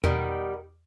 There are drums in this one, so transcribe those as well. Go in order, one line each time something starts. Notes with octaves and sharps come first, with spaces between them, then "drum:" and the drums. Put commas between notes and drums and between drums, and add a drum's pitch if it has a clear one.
B2 D#3 G3 A#4, drum: tom E2